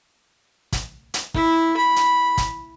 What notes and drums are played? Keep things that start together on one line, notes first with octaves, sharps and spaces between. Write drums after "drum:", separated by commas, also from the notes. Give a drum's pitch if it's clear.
drum: kick, hi-hat
drum: hi-hat
E4, drum: kick
B5
drum: hi-hat
drum: kick, hi-hat